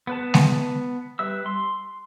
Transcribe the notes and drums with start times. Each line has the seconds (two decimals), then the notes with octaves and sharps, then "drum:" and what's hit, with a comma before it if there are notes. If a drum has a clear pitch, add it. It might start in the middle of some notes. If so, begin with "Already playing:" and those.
0.07 B3 B4 A5
0.34 drum: snare G#3
1.19 G3 B4 E5 E6
1.46 C6